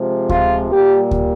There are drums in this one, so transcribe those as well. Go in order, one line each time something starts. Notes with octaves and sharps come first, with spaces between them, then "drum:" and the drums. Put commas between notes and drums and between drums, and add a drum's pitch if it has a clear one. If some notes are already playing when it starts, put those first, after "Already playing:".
Already playing: C3 F3 G#3
F4, drum: kick D2
A#2 G3 A#3 G4
drum: kick D2